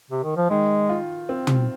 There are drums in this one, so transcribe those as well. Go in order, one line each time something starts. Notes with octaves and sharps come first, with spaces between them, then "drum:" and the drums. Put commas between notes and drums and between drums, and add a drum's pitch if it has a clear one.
C3
D#3
F3
D#3 G#3
F4
C4
drum: tom